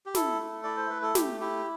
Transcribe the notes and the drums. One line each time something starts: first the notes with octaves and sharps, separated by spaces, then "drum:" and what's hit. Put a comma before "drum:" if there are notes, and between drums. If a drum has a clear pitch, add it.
G4
E4 A4, drum: snare
A3
E4 D5
C5
A3 B4
A4
A3 G4, drum: snare
E4 G4